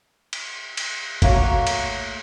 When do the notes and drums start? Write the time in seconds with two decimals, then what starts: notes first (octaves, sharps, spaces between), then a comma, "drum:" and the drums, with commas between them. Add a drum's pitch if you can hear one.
0.33 drum: cymbal
0.77 drum: cymbal
1.22 A3 A#3 F#4 C#5, drum: kick, cymbal
1.67 drum: cymbal